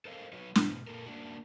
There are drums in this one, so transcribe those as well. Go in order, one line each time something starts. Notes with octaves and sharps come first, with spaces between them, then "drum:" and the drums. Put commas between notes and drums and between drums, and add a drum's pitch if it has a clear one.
A4 A#4 C5 D#5 F5
F#3 F#4 B4 C#5
G#2 B2 E3 F3, drum: snare
A#2 A#3 A4 A#4
A#3 D4 F#4